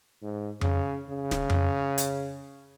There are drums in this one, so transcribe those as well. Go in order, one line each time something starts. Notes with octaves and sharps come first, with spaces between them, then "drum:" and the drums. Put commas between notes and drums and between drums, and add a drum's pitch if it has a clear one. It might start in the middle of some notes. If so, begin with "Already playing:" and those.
G#2
C#3, drum: tom F2
C#3
drum: snare
drum: tom F2
drum: hi-hat